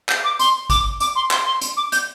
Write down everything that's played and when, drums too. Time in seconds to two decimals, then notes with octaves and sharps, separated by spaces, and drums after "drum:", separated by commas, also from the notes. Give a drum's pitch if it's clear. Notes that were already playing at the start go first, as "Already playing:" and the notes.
0.09 G6, drum: clap
0.24 D6
0.39 C6, drum: hi-hat
0.70 D6, drum: kick A1, hi-hat
1.00 D6, drum: hi-hat
1.16 C6
1.31 C6, drum: clap
1.46 C6
1.61 drum: hi-hat
1.77 D6
1.92 G6, drum: hi-hat